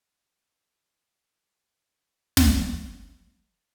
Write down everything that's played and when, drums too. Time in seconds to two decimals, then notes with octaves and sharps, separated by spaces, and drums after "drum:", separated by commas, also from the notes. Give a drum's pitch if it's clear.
0.03 B2 D3 E3 F#3 G3 A#3
2.37 drum: snare
2.90 E5